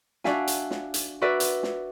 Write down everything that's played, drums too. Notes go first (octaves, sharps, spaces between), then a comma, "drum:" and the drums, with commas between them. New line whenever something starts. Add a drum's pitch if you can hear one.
D4 F#4 D5 E5 F5 G#5, drum: snare
drum: hi-hat
drum: snare
drum: hi-hat
F#4 A#4 B4 D5 E5
drum: hi-hat
drum: snare